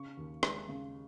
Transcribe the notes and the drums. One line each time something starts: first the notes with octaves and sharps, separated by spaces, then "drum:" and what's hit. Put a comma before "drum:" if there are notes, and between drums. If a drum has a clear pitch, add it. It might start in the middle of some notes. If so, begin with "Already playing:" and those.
Already playing: C#3 C#6
D#2
G#3, drum: rim click
C#3